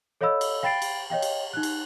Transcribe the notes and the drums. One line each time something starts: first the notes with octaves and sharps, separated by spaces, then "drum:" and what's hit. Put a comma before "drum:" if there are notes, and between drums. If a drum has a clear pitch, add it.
A4 C#5 D#5 F5 B5 E6
drum: cymbal
F5 G5 B5 A6 C7 D7
drum: cymbal
C#5 D#5 F5 G5
drum: cymbal
D#4 F#6
drum: cymbal